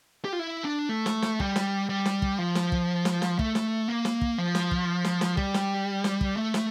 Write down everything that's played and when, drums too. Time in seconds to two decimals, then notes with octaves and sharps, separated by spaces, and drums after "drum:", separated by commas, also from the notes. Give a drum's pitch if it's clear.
0.25 G4
0.33 F4
0.39 E4
0.65 D4
0.89 A3
1.06 drum: snare
1.22 drum: snare
1.40 G3, drum: kick
1.56 drum: snare
1.89 G3
2.05 drum: snare
2.22 drum: kick
2.39 F3
2.55 drum: snare
2.72 drum: kick
3.05 drum: snare
3.22 drum: snare
3.39 A3, drum: kick
3.55 drum: snare
3.88 A#3
4.05 drum: snare
4.21 drum: kick
4.38 F3
4.55 drum: snare
4.71 drum: kick
5.04 drum: snare
5.21 drum: snare
5.37 G3, drum: kick
5.54 drum: snare
6.04 drum: snare
6.21 drum: kick
6.37 A3
6.54 drum: snare